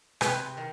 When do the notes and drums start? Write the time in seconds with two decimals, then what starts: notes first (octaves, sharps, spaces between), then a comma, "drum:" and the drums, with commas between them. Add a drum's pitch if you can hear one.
0.21 C3 G4 B4, drum: rim click
0.57 D#3